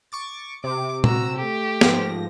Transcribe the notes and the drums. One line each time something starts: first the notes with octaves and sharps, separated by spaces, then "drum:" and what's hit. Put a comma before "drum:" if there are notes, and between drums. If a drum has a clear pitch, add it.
C#6 D6 A6
C3 D6
F#4 A#5 E6, drum: tom A#2
A3 G4
G#2 F3 A#6, drum: snare